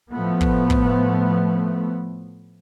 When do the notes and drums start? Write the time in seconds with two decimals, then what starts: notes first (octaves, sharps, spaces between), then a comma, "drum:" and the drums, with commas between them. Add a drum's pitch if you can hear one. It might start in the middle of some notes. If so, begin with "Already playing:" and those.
0.11 A2 F3 A3 B3
0.41 drum: kick
0.70 drum: kick